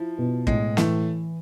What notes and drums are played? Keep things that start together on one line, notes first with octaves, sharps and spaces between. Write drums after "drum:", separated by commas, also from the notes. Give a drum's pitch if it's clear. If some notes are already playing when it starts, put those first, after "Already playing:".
Already playing: F3 E4
B2
A2 G#3, drum: kick
E3 A3, drum: snare